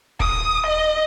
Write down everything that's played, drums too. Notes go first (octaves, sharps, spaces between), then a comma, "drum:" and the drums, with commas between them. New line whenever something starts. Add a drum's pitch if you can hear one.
D#6, drum: kick D#1
D#5